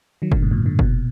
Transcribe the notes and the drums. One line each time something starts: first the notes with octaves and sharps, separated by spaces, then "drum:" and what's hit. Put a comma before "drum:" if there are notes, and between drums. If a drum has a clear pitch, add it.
D#3 F#3
A#2 D3, drum: kick
G#2 B2
F#2 A#2
D3
B2, drum: kick
A#2